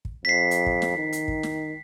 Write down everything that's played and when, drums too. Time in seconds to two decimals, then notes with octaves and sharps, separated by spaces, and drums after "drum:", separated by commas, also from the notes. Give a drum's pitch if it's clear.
0.05 drum: kick
0.25 F2 B6 C7
0.51 drum: hi-hat
0.66 drum: kick
0.82 drum: snare
0.97 D#3
1.13 drum: hi-hat
1.28 drum: kick
1.43 drum: snare